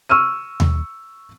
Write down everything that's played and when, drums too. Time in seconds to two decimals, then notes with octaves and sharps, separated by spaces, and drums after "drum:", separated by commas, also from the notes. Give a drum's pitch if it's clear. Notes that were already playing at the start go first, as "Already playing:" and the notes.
0.09 C#6 E6 F6 D#7
0.60 drum: tom D#2